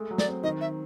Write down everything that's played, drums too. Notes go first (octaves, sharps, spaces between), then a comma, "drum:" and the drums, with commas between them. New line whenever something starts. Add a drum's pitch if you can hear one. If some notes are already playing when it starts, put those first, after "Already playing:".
Already playing: G#3 A3
F#3
D5, drum: snare
C4
D#3 D#5
E5